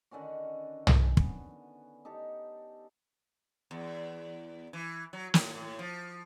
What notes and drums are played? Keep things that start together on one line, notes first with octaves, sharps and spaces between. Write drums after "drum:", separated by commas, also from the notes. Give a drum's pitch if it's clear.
D3 D#3 C#4 F#4
drum: tom
B3, drum: kick
D#4 G4 A4
E2
E3
F#3
A2, drum: snare
A2
F3